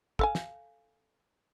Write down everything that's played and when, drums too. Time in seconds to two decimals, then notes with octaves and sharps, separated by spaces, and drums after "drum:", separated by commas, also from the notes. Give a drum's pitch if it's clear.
0.19 A4 F5 G#5, drum: kick
0.35 drum: snare